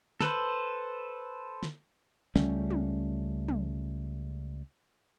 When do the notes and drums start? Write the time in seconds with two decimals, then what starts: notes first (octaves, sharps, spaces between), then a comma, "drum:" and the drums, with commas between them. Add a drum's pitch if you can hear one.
0.21 A4 B4 C5, drum: snare
1.63 drum: snare
2.36 C#2 G3 A3 C#4, drum: snare
2.70 drum: tom
3.48 drum: tom